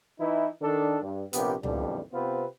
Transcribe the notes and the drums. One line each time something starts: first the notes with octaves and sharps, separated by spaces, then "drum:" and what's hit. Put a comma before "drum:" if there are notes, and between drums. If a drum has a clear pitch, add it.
E3 D#4 E4
D#3 D4 A4
G2
A#1 C3 A#3 B3 G4, drum: hi-hat
B1 F2 A#2 D3 E3 G3, drum: tom C#2
C3 B3 C4 F4 B4 C5